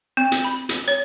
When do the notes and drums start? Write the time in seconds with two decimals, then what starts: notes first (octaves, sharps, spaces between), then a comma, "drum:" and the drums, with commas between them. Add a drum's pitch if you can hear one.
0.17 C4
0.32 drum: hi-hat
0.45 B5
0.69 drum: hi-hat
0.88 C#5